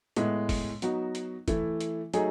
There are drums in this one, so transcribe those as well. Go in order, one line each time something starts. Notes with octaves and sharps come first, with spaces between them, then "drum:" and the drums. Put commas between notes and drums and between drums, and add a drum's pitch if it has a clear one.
A2 G#3 B3, drum: hi-hat
drum: kick, open hi-hat
F#3 B3 D#4 F#4, drum: hi-hat
drum: hi-hat
E3 A3 E4, drum: kick, hi-hat
drum: hi-hat
F#3 A3 D#4 G#4, drum: hi-hat